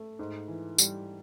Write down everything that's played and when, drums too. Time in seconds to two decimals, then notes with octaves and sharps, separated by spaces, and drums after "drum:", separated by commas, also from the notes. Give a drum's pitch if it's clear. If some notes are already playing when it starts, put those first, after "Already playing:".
Already playing: A3
0.19 G#2
0.48 E3
0.78 G3, drum: tambourine